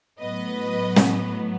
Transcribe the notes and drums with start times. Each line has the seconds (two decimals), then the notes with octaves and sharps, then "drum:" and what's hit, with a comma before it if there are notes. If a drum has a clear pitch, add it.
0.19 A2 F#3 B3 B4 D#5
0.96 drum: snare